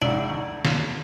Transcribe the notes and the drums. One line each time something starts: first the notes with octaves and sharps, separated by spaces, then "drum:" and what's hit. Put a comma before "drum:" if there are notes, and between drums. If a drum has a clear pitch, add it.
A#1 G#2 D4 E5
D2
drum: snare